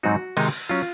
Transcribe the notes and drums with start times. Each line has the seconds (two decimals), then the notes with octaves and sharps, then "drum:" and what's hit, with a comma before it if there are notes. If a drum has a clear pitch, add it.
0.03 G#2 F#3 C4 D#4 F#4
0.37 C3 D#3 G#3 D#4, drum: cymbal
0.69 F#3 C#4 F4